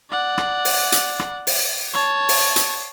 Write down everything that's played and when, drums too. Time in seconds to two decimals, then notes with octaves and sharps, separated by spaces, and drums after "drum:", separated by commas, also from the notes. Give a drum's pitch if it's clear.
0.10 D5 F#5
0.38 drum: rim click
0.65 drum: open hi-hat
0.92 drum: hi-hat
1.19 drum: rim click
1.47 drum: open hi-hat
1.94 C#5 A5
2.29 drum: open hi-hat
2.56 drum: hi-hat